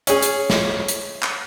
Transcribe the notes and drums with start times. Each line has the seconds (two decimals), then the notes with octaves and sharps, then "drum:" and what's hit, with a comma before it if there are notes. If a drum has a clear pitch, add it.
0.07 C#4 G#4, drum: hi-hat
0.22 drum: hi-hat
0.50 drum: snare
0.88 drum: hi-hat
1.23 drum: clap